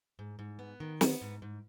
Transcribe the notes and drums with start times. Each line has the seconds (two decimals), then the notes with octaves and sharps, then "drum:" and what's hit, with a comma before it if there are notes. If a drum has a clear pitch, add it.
0.19 G#2
0.39 G#2
0.59 B3
0.80 D#3
1.01 B3, drum: snare
1.22 G#2
1.42 G#2